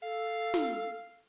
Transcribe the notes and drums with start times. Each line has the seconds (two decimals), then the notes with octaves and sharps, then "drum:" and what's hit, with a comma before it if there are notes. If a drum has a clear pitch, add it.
0.03 A4 F5
0.54 drum: snare